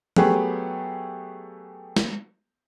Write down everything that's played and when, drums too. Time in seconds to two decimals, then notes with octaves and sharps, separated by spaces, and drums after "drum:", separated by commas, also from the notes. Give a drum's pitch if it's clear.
0.16 F#3 A3 B3 G4 G#4, drum: tom
1.97 drum: snare